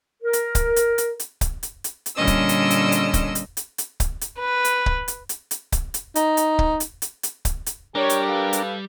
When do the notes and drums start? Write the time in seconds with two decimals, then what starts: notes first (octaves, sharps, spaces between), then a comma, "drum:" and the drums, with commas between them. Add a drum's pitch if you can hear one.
0.23 A#4
0.33 drum: hi-hat
0.55 drum: kick C#1, hi-hat
0.76 drum: hi-hat
0.98 drum: hi-hat
1.20 drum: hi-hat
1.41 drum: kick C#1, hi-hat
1.63 drum: hi-hat
1.84 drum: hi-hat
2.06 drum: hi-hat
2.15 A#2 D3 G3 C#4 D#5 E6
2.27 drum: kick C#1, hi-hat
2.49 drum: hi-hat
2.70 drum: hi-hat
2.92 drum: hi-hat
3.14 drum: kick C#1, hi-hat
3.35 drum: hi-hat
3.57 drum: hi-hat
3.78 drum: hi-hat
4.00 drum: kick C#1, hi-hat
4.21 drum: hi-hat
4.39 B4
4.65 drum: hi-hat
4.86 drum: kick C#1
5.08 drum: hi-hat
5.29 drum: hi-hat
5.51 drum: hi-hat
5.72 drum: kick C#1, hi-hat
5.94 drum: hi-hat
6.15 D#4, drum: hi-hat
6.37 drum: hi-hat
6.59 drum: kick C#1
6.80 drum: hi-hat
7.02 drum: hi-hat
7.23 drum: hi-hat
7.45 drum: kick C#1, hi-hat
7.66 drum: hi-hat
7.95 G3 D4 G4 A#4 C#5
8.10 drum: hi-hat
8.27 A4 B4 F5
8.53 drum: hi-hat